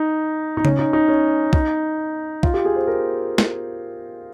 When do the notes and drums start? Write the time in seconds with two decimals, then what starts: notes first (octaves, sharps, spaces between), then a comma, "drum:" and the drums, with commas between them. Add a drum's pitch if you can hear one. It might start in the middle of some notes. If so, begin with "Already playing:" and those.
Already playing: D#4
0.57 D#4
0.65 C#4, drum: tom C#3
0.79 D#4
0.93 D#4
1.08 C#4
1.53 D#4, drum: kick
2.43 F4, drum: kick
2.54 G4
2.65 G#4
2.76 C5
2.87 A#4
3.38 drum: snare